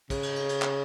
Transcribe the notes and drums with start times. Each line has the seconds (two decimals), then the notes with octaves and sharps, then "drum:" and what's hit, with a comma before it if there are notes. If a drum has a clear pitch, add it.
0.10 C#3, drum: kick, cymbal
0.23 drum: cymbal
0.36 drum: cymbal
0.49 drum: cymbal
0.62 drum: clap